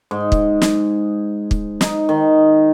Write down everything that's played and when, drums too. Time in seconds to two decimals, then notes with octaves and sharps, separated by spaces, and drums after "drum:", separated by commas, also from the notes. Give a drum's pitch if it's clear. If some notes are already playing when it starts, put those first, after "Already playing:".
0.11 G#2
0.32 drum: kick
0.61 drum: snare
1.51 drum: kick
1.81 D#4, drum: snare
2.09 D#3